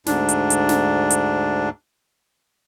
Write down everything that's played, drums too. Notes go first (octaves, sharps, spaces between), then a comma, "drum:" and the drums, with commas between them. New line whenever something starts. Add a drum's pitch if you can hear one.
D2 G#2 D4, drum: snare
drum: hi-hat
drum: hi-hat
drum: snare
drum: hi-hat